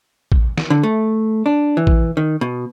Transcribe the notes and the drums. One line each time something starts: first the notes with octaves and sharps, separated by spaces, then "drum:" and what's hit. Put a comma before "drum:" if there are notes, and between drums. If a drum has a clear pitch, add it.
drum: kick A1
drum: snare
D3
A3
D4
E3
drum: kick A1
D#3
B2